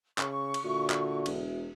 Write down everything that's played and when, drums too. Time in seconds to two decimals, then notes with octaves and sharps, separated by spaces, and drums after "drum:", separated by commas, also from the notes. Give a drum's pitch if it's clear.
0.18 C#3 C#6, drum: clap
0.54 drum: cymbal
0.64 A#2 D3 F#4 E5
0.90 drum: clap
1.26 E1, drum: cymbal